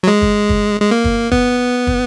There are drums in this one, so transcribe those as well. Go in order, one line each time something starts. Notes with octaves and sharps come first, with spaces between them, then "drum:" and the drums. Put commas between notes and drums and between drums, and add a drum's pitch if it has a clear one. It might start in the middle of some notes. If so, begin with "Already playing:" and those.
F#3
G#3
drum: kick
drum: kick
G#3
A#3
drum: kick
B3, drum: kick
drum: kick